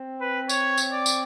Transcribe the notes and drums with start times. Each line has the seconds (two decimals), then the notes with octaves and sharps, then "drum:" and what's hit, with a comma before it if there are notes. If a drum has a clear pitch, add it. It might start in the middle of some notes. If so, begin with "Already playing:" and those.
Already playing: C4
0.21 B4
0.49 C#5, drum: tambourine
0.78 drum: tambourine
0.92 D5
1.06 drum: tambourine